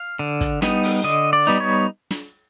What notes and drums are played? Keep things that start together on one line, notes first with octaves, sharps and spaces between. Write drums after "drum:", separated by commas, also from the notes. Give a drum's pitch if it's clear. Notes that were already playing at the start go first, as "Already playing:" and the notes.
Already playing: F5
D3
drum: kick, hi-hat
G3 B3 D#4, drum: snare
drum: open hi-hat
D3 D#5
D5
G3 B3 D#4
C#5
drum: snare